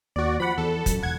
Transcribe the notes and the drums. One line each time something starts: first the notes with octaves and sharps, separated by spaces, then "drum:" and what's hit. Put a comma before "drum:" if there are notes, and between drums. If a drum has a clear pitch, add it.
D#2 F#4 D5
F3 F#5 B5
E2 A4
F#2, drum: kick, hi-hat
E1 F#5 G#6